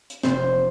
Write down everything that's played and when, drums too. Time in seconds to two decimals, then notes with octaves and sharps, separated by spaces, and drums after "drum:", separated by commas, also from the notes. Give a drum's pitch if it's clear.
0.10 drum: hi-hat
0.23 F1 C5, drum: snare